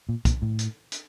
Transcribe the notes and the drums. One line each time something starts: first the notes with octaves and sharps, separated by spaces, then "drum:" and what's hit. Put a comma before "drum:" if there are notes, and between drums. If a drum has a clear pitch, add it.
A#2
A#2, drum: kick, hi-hat
A2
drum: hi-hat
drum: hi-hat